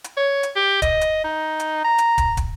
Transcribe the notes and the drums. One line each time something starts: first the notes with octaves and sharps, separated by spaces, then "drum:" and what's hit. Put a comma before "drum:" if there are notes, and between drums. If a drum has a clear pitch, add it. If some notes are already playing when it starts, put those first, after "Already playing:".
drum: hi-hat
C#5
drum: hi-hat
G4
D#5, drum: kick, hi-hat
drum: hi-hat
D#4
drum: hi-hat
A#5
drum: hi-hat
drum: kick, hi-hat
drum: kick, hi-hat